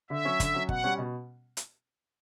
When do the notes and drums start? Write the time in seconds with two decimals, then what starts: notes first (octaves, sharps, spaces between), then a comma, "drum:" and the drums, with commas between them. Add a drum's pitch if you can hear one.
0.10 D3 E5
0.25 F#3 C#4
0.40 D3, drum: kick G1, hi-hat
0.54 F#3 C#4
0.69 B2 F#5, drum: kick G1
0.84 G3 C#4
0.98 B2
1.57 drum: hi-hat